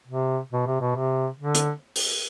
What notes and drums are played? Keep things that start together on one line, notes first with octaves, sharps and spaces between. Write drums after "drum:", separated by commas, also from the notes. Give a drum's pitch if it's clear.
C3
B2
C3
B2
C3
D3
drum: hi-hat
drum: open hi-hat